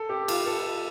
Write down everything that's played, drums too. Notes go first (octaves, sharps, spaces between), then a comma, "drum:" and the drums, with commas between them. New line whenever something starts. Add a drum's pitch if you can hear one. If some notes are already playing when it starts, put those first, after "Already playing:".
Already playing: A4
G4
F4, drum: cymbal
A4